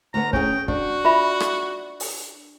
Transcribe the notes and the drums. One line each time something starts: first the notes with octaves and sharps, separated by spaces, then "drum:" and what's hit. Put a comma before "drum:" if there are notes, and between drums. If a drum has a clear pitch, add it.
D2 B3 A#5
C#4 G#4 G5, drum: kick
D4 F#4, drum: kick
F4 E5 B5
drum: rim click
drum: open hi-hat